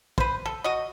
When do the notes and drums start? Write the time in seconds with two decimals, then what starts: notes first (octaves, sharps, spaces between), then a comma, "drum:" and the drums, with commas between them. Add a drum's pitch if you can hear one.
0.18 B4 C5, drum: kick
0.46 A4
0.64 F#4 D#5